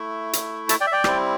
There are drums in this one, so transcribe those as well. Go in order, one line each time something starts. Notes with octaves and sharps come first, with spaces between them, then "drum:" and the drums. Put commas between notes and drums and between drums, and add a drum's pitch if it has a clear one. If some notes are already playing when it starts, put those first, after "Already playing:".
Already playing: A3 E4
drum: hi-hat
E5 A5, drum: hi-hat
D5 G5
E5
D5 G5
G3 C4 E4, drum: rim click